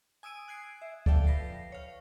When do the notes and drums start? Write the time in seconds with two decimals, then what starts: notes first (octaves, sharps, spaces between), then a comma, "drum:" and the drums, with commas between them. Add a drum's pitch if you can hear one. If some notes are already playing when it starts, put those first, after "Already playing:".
0.23 G#5 D#6 E6 D7 D#7
0.48 F#6 G#6 C7 D7
0.82 E5
1.06 A4 D5 E5 F5 G5 A5, drum: kick D2
1.27 F3 B4 A#6 C7
1.72 C#5 F5